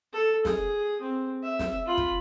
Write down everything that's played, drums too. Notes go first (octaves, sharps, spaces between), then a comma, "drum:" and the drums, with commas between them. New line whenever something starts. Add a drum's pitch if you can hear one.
A4
G#4, drum: snare
C4
E5
drum: snare
F4 B5
drum: kick